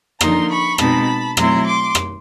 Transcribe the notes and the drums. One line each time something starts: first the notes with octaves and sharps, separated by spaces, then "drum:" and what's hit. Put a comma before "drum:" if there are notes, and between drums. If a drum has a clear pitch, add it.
D3 F3 A#3 D#4 A#5 C6, drum: rim click
B5 C#6
B2 G#3 C4 D#4 A5 B5, drum: rim click
B2 F#3 A3 C4 E4 A#5 C6, drum: rim click
C6 D6
drum: rim click